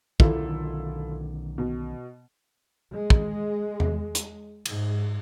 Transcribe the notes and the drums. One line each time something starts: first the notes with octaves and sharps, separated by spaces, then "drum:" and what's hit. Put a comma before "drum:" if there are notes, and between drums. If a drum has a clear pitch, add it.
B1 D3 D#3 E4 F4 A4, drum: kick
B2
G#3
drum: kick
drum: tom E2
drum: hi-hat
G#2, drum: cymbal